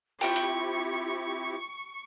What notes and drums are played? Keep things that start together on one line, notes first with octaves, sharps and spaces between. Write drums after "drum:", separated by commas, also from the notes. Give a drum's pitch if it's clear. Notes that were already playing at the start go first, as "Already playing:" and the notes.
C4 E4 F4 G4 G5 B5 C#6 G6, drum: open hi-hat
drum: hi-hat